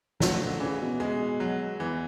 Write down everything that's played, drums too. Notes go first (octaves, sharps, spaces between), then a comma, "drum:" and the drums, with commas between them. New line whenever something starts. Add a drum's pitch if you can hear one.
A2 F#3, drum: snare
D3
C#3 E3
B2
G#3
F#3
E2 E3